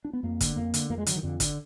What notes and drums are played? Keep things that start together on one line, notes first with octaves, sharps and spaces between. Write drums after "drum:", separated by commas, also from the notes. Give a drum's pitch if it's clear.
D4
B3
F2 A#3
D3, drum: kick G1, hi-hat
F2 A#3
D3, drum: hi-hat
F2 A#3
G#3
D3 F#3, drum: hi-hat
D#3
F2 D3
D3, drum: kick G1, hi-hat